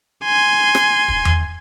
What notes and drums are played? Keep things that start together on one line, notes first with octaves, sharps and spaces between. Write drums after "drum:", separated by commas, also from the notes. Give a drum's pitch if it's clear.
G#5 C6
drum: rim click
drum: kick
drum: tom E2